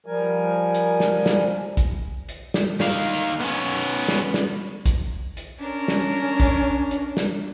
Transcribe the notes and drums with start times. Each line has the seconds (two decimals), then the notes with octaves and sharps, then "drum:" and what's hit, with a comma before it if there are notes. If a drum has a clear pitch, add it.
0.06 F3 G3 A#4 G#5
0.74 drum: hi-hat
1.00 drum: snare
1.26 drum: snare
1.77 drum: kick, hi-hat
2.29 drum: hi-hat
2.54 drum: snare
2.80 D#3 F5, drum: snare
3.40 B3 C#4
3.83 drum: hi-hat
4.08 drum: snare
4.34 drum: snare
4.86 drum: kick, hi-hat
5.37 drum: hi-hat
5.59 C#4 D4 A#4
5.88 drum: snare
6.40 drum: kick, hi-hat
6.91 drum: hi-hat
7.17 drum: snare